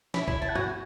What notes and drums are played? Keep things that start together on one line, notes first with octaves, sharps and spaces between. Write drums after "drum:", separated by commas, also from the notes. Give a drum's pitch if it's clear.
E4 B5, drum: snare
E4, drum: kick
E4 A5
F#5
F#4 G#5, drum: tom G2